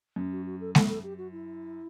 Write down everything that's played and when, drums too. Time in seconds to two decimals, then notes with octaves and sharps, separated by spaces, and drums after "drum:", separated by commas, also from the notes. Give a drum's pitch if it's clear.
0.16 F#2
0.31 F#4
0.46 F#4
0.60 A4
0.75 A4, drum: snare G#3
0.88 A4
1.04 G4
1.18 F#4
1.32 E4